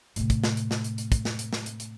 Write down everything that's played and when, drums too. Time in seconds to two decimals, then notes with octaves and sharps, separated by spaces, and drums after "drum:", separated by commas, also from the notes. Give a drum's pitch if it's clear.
0.16 A2 C3, drum: hi-hat
0.30 drum: kick, hi-hat
0.44 drum: snare
0.57 drum: hi-hat
0.71 drum: snare
0.84 drum: hi-hat
0.98 drum: hi-hat
1.12 drum: kick, hi-hat
1.25 drum: snare
1.39 drum: hi-hat
1.53 drum: snare
1.66 drum: hi-hat
1.80 drum: hi-hat